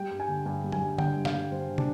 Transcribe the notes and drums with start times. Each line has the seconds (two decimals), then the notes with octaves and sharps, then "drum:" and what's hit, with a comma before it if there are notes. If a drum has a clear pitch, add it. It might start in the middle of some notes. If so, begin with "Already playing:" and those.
Already playing: G3 G5
0.11 G2
0.20 G#5
0.28 D3
0.46 G2 G#5
0.63 G3
0.72 G#5, drum: tom F#3
0.81 G2
0.98 D3 G5, drum: tom D3
1.16 G2
1.25 F5, drum: snare
1.34 G3
1.51 G2 C5
1.69 D3
1.78 D4, drum: tom